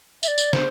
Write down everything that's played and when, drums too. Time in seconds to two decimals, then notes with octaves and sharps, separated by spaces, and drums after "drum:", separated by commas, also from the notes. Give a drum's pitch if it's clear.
0.23 E5, drum: tambourine
0.28 D5
0.38 drum: tambourine
0.53 C5, drum: snare